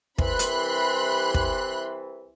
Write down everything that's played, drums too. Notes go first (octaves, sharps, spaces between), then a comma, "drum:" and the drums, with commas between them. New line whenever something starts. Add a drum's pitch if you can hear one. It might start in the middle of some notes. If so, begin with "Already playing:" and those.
C2 C3 E3 B5 C6 F#6, drum: kick
drum: hi-hat
drum: kick